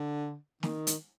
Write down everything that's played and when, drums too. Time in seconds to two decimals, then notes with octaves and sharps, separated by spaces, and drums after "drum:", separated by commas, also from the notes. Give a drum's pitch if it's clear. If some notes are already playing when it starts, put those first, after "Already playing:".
Already playing: D3
0.63 D#3, drum: snare
0.87 drum: hi-hat